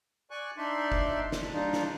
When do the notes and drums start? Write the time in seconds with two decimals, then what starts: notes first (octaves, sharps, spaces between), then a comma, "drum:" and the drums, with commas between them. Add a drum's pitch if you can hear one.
0.31 D5 G#5 C#6 F#6
0.57 D4 D#4 D5 E5 C6
0.92 drum: kick F#1
1.32 drum: snare
1.53 G3 D4 D#4 F4
1.73 drum: snare